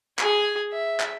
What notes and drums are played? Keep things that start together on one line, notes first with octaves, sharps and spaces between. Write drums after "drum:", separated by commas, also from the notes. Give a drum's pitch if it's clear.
G#4 G#5, drum: clap
E5
drum: clap